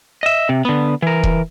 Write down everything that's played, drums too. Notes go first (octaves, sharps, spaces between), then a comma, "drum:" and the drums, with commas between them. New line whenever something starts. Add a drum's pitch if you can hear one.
D#5 E5
C3
D3 B3
E3 A#4
drum: kick E1